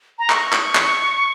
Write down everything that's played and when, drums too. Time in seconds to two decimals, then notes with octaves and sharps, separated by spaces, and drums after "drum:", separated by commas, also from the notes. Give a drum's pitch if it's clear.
0.19 A#5
0.30 C#6, drum: clap
0.53 drum: clap
0.75 drum: clap